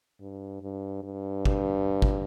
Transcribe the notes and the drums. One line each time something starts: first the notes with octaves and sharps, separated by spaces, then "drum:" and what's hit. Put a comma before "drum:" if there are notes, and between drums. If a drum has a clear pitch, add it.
G2
G2
G2
drum: kick G#1
drum: kick G#1